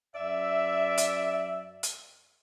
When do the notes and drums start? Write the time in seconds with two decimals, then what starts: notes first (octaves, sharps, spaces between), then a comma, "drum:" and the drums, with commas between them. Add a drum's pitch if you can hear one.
0.15 F#2 D5 E5
0.98 drum: hi-hat
1.83 drum: hi-hat